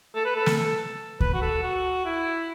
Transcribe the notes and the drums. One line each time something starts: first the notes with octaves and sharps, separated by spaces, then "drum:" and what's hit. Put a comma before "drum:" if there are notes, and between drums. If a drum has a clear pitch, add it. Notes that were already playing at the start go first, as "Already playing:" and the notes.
A4
B4
A4
drum: snare
A4
B4, drum: kick D2
F#4
A4
F#4
E4